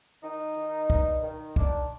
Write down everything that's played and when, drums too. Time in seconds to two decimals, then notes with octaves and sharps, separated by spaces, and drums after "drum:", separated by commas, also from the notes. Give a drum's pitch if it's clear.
0.23 D#3 D#4
0.56 D#3
0.90 G2, drum: kick
1.23 D#3
1.56 D#3 D4, drum: kick